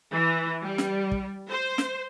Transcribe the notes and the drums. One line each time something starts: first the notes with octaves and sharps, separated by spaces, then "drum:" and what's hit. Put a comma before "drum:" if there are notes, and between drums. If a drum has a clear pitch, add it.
E3
G3
drum: snare
drum: kick
C5
drum: snare